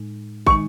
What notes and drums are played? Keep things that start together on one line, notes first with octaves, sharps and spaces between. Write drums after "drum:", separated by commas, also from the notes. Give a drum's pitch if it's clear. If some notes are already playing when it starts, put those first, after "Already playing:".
Already playing: A2 G#3 D#4
D#3 G#3 D#4 C#6, drum: kick